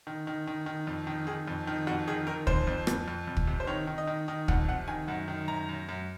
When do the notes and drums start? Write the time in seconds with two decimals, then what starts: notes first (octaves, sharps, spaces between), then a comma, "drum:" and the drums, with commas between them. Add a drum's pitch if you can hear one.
0.07 D#3
0.27 D#3
0.47 D#3
0.66 D#3
0.87 F2
1.07 D#3
1.27 D#3 G#4
1.48 F2
1.67 D#3
1.87 F2 F#4
2.08 D#3 G#4
2.27 D#3 A#4
2.47 F2 C5, drum: kick
2.67 F2
2.87 F2, drum: rim click
3.08 F2
3.27 F2
3.37 drum: kick
3.47 C3
3.60 C5
3.67 D#3 C#5
3.87 D#3
3.98 D#5
4.07 D#3
4.28 D#3 D#5
4.48 F2 F#5, drum: kick
4.68 C3 F#5
4.88 D#3 G#5
5.08 F#2 F#5
5.28 D#3
5.48 F#2 A#5
5.69 F#2
5.89 F#2